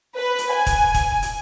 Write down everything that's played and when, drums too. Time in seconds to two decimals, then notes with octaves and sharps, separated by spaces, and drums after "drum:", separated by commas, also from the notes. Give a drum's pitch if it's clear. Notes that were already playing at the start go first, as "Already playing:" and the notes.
0.17 B4
0.38 drum: hi-hat
0.52 G#5
0.66 drum: kick E1, hi-hat
0.94 drum: kick E1, hi-hat
1.22 drum: hi-hat